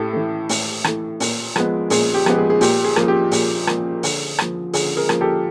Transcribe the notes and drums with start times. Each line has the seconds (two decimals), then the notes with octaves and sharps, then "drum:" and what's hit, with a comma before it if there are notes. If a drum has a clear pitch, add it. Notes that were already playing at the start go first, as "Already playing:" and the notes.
Already playing: A2 G4 A4
0.13 E3 A3
0.49 A2, drum: open hi-hat
0.84 E3 A3, drum: rim click
1.20 A#2, drum: open hi-hat
1.56 F3 G#3 B3, drum: rim click
1.90 A#2 G#4, drum: open hi-hat
2.14 G4
2.26 F3 G#3 B3, drum: rim click
2.38 G#4
2.50 G#4
2.61 A#2 G4, drum: open hi-hat
2.85 G#4
2.96 F3 A#3 G#4, drum: rim click
3.08 G4
3.32 A#2 G#4, drum: open hi-hat
3.67 F3 A#3, drum: rim click
4.03 D3, drum: open hi-hat
4.39 F3 A#3, drum: rim click
4.74 D3 G#4, drum: open hi-hat
4.97 G#4 A#4
5.09 F3 A#3, drum: rim click
5.21 G4 A4